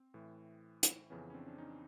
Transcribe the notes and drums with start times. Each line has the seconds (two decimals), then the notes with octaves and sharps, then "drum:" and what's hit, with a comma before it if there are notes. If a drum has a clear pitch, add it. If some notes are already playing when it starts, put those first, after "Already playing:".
Already playing: C4
0.14 A2 E3
0.83 drum: hi-hat
1.10 F2 C#3 E3 B3 C#4
1.30 C#4
1.34 C4 D4
1.48 D4
1.58 C#4 D#4